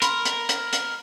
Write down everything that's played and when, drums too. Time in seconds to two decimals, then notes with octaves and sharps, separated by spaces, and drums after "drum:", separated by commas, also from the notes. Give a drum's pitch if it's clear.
0.02 A#4 B5 C6, drum: hi-hat
0.25 drum: hi-hat
0.49 drum: hi-hat
0.73 drum: hi-hat